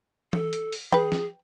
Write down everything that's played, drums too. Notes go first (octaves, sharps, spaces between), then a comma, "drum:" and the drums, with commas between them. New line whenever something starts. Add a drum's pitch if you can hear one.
A4, drum: tom E3
drum: hi-hat
drum: open hi-hat
G#4 B4 G5, drum: tom E3
drum: snare F3